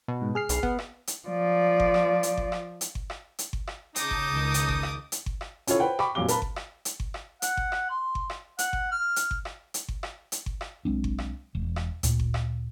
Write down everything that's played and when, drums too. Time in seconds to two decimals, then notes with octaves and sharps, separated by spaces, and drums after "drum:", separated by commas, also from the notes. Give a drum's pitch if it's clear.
0.08 B2
0.22 G#2
0.35 G#4 F6 C7
0.49 B1, drum: hi-hat
0.63 B3, drum: kick G1
0.79 drum: rim click
1.07 drum: hi-hat
1.28 F3 D5
1.80 drum: kick G1
1.94 drum: rim click
2.23 drum: hi-hat
2.37 drum: kick G1
2.52 drum: rim click
2.81 drum: hi-hat
2.95 drum: kick G1
3.10 drum: rim click
3.39 drum: hi-hat
3.53 drum: kick G1
3.67 drum: rim click
3.96 C#3 D#4 A5 D6 D#6 G6, drum: hi-hat
4.11 drum: kick G1
4.30 C#2 D#3
4.54 drum: hi-hat
4.69 drum: kick G1
4.83 drum: rim click
5.12 drum: hi-hat
5.26 drum: kick G1
5.41 drum: rim click
5.67 C#4 E4 F4 A4 C#5, drum: hi-hat
5.80 B4 C5 F#5 G5
5.99 G5 B5 C#6 D6, drum: rim click
6.15 F1 A#2 F#3 F5 D6 G7
6.28 A#4 B4 A5 B5, drum: hi-hat
6.42 drum: kick G1
6.56 drum: rim click
6.85 drum: hi-hat
7.00 drum: kick G1
7.14 drum: rim click
7.42 F#5, drum: hi-hat
7.57 drum: kick G1
7.72 drum: rim click
7.90 C6
8.15 drum: kick G1
8.30 drum: rim click
8.59 F#5, drum: hi-hat
8.73 drum: kick G1
8.92 F6
9.16 drum: hi-hat
9.31 drum: kick G1
9.45 drum: rim click
9.74 drum: hi-hat
9.88 drum: kick G1
10.03 drum: rim click
10.32 drum: hi-hat
10.46 drum: kick G1
10.61 drum: rim click
10.85 B1 G#3 C4 D4
11.04 drum: kick G1
11.18 drum: rim click
11.55 E1
11.76 drum: rim click
12.03 D2 A#2, drum: hi-hat
12.20 drum: kick G1
12.34 drum: rim click